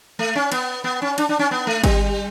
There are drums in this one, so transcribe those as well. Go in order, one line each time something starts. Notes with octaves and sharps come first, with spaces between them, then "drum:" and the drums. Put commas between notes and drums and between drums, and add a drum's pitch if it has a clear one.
A3
C#4
B3, drum: cymbal
B3
C#4
D4, drum: cymbal
D4
C#4
B3
A3
G3, drum: kick G#1, cymbal